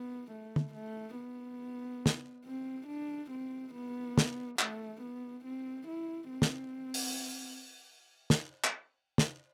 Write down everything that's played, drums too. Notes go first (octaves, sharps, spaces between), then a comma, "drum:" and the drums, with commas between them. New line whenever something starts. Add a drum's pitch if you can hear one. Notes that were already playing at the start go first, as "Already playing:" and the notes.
Already playing: B3
A3
drum: tom
A3
B3
drum: snare
C4
D4
C4
B3
drum: snare
A3, drum: clap
B3
C4
E4
C4
drum: snare
drum: open hi-hat
drum: snare
drum: clap
drum: snare